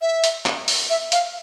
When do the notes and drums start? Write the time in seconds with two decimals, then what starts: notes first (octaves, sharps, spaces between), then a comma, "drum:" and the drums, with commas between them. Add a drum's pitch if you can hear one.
0.01 E5
0.24 drum: hi-hat
0.46 drum: clap
0.68 drum: open hi-hat
0.90 E5
1.12 F5, drum: hi-hat